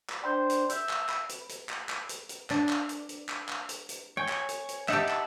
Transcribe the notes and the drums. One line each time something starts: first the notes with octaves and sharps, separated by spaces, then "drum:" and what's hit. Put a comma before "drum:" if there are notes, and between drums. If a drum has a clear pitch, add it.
drum: clap
D4 C5 G5 B5 G6
drum: hi-hat
E5 G6, drum: hi-hat
drum: clap
B5, drum: clap
drum: hi-hat
drum: hi-hat
drum: clap
drum: clap
drum: hi-hat
drum: hi-hat
D4, drum: clap
drum: clap
drum: hi-hat
drum: hi-hat
drum: clap
drum: clap
drum: hi-hat
drum: hi-hat
C#5 G5 G#5
drum: clap
drum: hi-hat
drum: hi-hat
D#4 G4 E5 F#5 A5, drum: clap
drum: clap